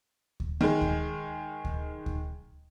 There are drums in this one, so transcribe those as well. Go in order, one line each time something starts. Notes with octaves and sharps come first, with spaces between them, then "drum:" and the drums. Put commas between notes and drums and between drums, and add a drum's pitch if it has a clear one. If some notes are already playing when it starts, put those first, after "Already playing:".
drum: kick D2
D#3 G#3
drum: kick D2
drum: kick D2
drum: kick D2